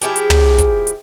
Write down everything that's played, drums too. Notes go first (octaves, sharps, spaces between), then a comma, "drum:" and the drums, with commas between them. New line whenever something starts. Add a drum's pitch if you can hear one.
F3 E4 G4 G#4, drum: hi-hat
drum: hi-hat
drum: tom
drum: kick, hi-hat
drum: hi-hat